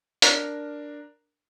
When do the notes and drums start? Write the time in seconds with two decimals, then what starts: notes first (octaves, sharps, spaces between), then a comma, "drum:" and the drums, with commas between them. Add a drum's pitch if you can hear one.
0.22 D4 A#4, drum: hi-hat